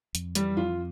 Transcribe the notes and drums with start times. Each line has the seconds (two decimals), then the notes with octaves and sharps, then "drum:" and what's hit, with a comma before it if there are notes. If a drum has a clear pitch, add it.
0.15 F2, drum: hi-hat
0.35 E3 G3, drum: hi-hat
0.57 F2 F4